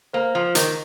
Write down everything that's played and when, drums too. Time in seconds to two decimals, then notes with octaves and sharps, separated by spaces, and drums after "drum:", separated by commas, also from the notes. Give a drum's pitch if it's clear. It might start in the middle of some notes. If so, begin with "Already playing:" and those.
0.13 A#3 C5
0.35 F3 C5
0.55 D#3 A#4, drum: hi-hat